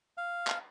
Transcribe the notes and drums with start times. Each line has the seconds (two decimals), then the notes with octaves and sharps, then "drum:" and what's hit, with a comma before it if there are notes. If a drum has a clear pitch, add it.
0.17 F5
0.47 drum: clap